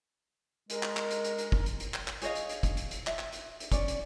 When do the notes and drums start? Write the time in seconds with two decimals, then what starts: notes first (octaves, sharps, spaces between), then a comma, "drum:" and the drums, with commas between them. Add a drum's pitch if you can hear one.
0.70 G#3 A#4, drum: hi-hat
0.83 drum: clap
0.97 drum: clap
1.11 drum: hi-hat
1.24 drum: hi-hat
1.38 drum: hi-hat
1.52 drum: kick
1.66 drum: hi-hat
1.80 drum: hi-hat
1.94 drum: clap
2.08 drum: clap
2.22 G#4 C#5 D#5 F5, drum: hi-hat
2.36 drum: hi-hat
2.49 drum: hi-hat
2.63 drum: kick, hi-hat
2.77 drum: hi-hat
2.91 drum: hi-hat
3.07 E5, drum: clap
3.19 drum: clap
3.33 drum: hi-hat
3.60 drum: hi-hat
3.72 C#4 D5, drum: kick, hi-hat
3.88 drum: hi-hat